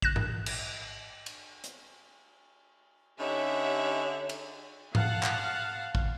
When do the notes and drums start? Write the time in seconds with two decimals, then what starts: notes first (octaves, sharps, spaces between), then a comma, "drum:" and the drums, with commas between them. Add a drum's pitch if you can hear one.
0.02 F#6 A#6 E7, drum: kick A1
0.16 drum: tom G#2
0.46 drum: cymbal
1.26 drum: cymbal
1.64 drum: hi-hat
3.19 D3 C#4 D#4 G4 C#5 E5 F#5
4.29 drum: cymbal
4.95 F5 F#5 A5, drum: tom G#2
5.23 drum: clap
5.95 drum: kick A1